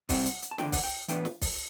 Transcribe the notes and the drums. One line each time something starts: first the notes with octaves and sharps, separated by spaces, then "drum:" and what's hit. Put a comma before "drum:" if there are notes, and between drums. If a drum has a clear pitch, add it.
C2 C3 G3 C4 E4 F#5, drum: kick, open hi-hat
drum: hi-hat
drum: hi-hat
A5
E2 D3 A3 D4 G5, drum: snare
F#5, drum: kick, open hi-hat
G5
A2 E3 B3 D4 G5, drum: hi-hat
drum: snare
drum: kick, open hi-hat